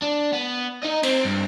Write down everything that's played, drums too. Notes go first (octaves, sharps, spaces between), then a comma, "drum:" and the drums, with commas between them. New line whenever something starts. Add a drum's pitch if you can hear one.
D4
B3
D#4 D#5
C4, drum: cymbal
G2